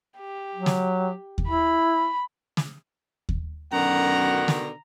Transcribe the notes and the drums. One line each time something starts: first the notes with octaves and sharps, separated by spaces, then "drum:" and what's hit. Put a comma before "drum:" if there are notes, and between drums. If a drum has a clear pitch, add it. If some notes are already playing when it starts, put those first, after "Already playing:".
G4
F#3
drum: snare
drum: kick D#2
E4 B5
drum: snare
drum: kick D#2
F#2 B2 D3 D#3 F#5 A#5
drum: snare